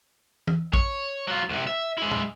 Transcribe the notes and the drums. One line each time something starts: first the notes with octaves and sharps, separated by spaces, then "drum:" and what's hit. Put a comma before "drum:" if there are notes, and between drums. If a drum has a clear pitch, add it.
drum: tom
C#5, drum: kick
F#3 F4
C2 C3
E5
G#3 E4
drum: tom